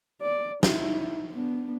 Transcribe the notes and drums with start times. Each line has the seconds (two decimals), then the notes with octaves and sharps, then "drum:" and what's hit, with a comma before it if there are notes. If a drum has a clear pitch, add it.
0.22 D5
0.63 D#4 E4, drum: snare
1.31 B3 D4